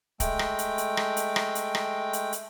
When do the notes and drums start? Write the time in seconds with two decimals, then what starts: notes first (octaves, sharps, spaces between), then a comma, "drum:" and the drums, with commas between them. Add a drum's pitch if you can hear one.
0.20 G#3 A3 G5, drum: kick C#1, hi-hat
0.39 drum: rim click
0.59 drum: hi-hat
0.78 drum: hi-hat
0.97 drum: rim click
1.17 drum: hi-hat
1.36 drum: rim click
1.55 drum: hi-hat
1.75 drum: rim click
2.13 drum: hi-hat
2.33 drum: hi-hat